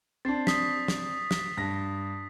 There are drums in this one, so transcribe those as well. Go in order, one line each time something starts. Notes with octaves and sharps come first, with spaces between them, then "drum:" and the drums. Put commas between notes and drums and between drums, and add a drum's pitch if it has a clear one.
C4 D4 A6 C7
D#6 B6, drum: snare
drum: snare
drum: snare
G2 A#6